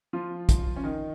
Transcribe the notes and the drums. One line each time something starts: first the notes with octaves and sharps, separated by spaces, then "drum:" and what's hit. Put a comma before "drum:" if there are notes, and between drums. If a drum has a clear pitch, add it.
F3 F4
drum: kick, hi-hat
C#4
D#3 D#4